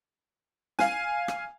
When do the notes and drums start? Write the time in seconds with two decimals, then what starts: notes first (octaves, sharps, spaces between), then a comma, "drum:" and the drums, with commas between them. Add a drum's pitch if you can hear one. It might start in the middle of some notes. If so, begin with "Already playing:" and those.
0.79 F5 G#5, drum: snare
1.28 drum: rim click